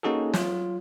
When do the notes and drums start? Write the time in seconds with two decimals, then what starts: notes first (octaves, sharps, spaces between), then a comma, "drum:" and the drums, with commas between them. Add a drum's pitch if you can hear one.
0.03 A#3 C#4 D#4 F#4 G#4 A4
0.33 F#3 F4, drum: snare